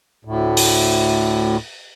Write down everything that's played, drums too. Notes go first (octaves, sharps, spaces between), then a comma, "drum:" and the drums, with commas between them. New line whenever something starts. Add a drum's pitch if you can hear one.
D2 A2
drum: open hi-hat